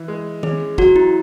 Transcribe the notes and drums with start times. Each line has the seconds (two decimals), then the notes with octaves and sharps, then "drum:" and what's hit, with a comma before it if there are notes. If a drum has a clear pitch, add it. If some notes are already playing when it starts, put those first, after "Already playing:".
Already playing: E3
0.08 G#3
0.43 C#4 G#4, drum: tom D#3
0.78 F#3 F#4, drum: kick
0.96 E4